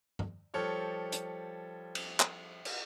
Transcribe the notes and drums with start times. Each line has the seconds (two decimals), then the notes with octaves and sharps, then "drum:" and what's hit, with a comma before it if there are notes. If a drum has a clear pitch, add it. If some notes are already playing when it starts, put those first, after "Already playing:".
0.19 drum: tom G2
0.54 F3 G3 A4 C#5 F6
1.12 drum: hi-hat
1.95 drum: cymbal
2.20 drum: clap
2.65 drum: cymbal